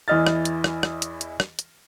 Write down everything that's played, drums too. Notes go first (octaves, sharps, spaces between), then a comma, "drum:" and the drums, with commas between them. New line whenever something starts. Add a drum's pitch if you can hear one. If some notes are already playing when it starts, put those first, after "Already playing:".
E2 E3 E4 D#5 F6 A6
drum: rim click
drum: hi-hat
drum: rim click
drum: rim click
drum: hi-hat
drum: hi-hat
drum: rim click
drum: hi-hat